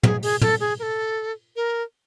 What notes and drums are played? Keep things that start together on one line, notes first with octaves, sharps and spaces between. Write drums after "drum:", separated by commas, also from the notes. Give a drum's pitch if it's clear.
G#4, drum: tom
G#4, drum: open hi-hat
A4, drum: tom
G#4
A#4
A4
A#4